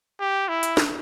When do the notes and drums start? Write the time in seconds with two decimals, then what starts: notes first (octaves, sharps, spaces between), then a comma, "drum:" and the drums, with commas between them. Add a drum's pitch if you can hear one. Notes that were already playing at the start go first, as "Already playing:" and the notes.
0.20 G4
0.48 E4
0.63 drum: hi-hat
0.77 drum: snare